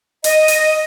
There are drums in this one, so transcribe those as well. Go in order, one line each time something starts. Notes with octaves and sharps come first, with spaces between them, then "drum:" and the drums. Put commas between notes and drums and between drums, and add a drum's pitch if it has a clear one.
D#5, drum: hi-hat
drum: hi-hat